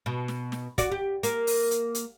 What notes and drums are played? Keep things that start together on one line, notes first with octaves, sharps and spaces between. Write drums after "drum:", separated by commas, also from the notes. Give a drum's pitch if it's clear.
B2
drum: snare
drum: snare
F#4 D5, drum: kick, hi-hat
G4
A#3, drum: hi-hat
drum: open hi-hat
drum: hi-hat
drum: hi-hat